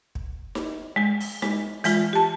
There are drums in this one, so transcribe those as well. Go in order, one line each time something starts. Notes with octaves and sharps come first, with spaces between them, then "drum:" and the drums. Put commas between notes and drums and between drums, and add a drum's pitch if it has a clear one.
drum: kick
drum: snare D#4
G#3 G#5
drum: open hi-hat
G#3, drum: snare D#4
E3 G#3 F4, drum: hi-hat
G4 A5